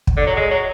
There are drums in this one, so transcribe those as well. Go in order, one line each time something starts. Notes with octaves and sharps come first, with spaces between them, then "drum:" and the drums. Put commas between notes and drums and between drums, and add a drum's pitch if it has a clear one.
drum: kick
D3
F#3
G#3
F#3